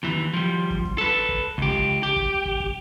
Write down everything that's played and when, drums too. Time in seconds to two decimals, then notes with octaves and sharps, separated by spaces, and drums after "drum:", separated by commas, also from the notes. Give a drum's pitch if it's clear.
0.03 D#2 E3
0.33 F3 G3
0.70 drum: kick
0.85 drum: kick
0.98 A4 B4
1.29 drum: kick
1.58 C#2 G4, drum: kick
1.73 drum: kick
2.03 G4
2.16 drum: kick
2.45 drum: kick
2.60 drum: kick